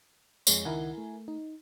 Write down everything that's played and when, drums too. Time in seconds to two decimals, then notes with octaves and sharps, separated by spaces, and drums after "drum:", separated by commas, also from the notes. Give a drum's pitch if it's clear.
0.47 F2 G#3 C#5, drum: tambourine
0.65 C#2 D#3 E4 A#4 F#5 G#5
0.98 A3
1.28 D#4